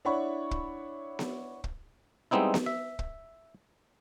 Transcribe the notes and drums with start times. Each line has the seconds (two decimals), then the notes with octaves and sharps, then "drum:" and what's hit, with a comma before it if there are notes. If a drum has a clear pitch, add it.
0.05 D4 E4 C#5 F#5 B5 C#6
0.51 drum: kick
1.19 drum: snare B3
1.64 drum: kick
2.31 G3 G#3 B3 C4 D#4 E4
2.54 drum: snare B3
2.66 E5
2.99 drum: kick